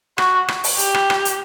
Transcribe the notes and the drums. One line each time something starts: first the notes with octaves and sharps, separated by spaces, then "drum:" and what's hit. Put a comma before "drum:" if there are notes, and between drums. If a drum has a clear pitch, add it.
F#4, drum: rim click
drum: rim click
drum: open hi-hat
G4, drum: hi-hat
drum: rim click
drum: rim click
drum: hi-hat